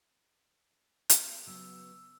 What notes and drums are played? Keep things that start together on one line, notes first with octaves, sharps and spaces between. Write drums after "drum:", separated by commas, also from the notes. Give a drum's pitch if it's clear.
drum: hi-hat
C#3 F#3 B3 E6